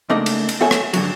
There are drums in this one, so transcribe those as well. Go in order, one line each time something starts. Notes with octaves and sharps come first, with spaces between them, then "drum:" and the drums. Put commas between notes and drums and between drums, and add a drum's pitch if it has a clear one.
C#2 A3 A#3 D4 D#4 D#5
drum: cymbal
drum: cymbal
B3 F#4 A4 C#5 E5 G#5
drum: rim click
G2 D3 F#3, drum: cymbal